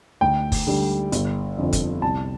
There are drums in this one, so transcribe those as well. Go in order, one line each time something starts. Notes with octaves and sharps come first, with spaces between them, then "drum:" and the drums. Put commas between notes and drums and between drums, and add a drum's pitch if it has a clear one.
D2 G5
drum: kick F#1, open hi-hat
D3 G3
G1, drum: hi-hat
F2 D3 F3
drum: kick F#1, hi-hat
C2 A5